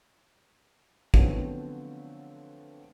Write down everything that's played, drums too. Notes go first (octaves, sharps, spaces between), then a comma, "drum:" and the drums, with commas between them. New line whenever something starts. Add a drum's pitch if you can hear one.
D3 F3 F#3 A3 B3 C4, drum: kick